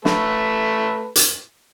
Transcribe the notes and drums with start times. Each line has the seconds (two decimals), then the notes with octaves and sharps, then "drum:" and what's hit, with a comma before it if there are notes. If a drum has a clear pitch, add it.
0.05 A3 A4 B4, drum: snare
1.16 drum: hi-hat